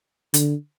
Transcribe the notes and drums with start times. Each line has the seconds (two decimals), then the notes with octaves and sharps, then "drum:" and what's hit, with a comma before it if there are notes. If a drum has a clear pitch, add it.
0.34 D3, drum: hi-hat